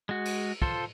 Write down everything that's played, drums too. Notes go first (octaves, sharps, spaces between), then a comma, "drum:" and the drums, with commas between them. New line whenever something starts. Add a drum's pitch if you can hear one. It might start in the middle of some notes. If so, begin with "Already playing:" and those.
G#3 F#4
drum: cymbal
F4 A4 C5, drum: kick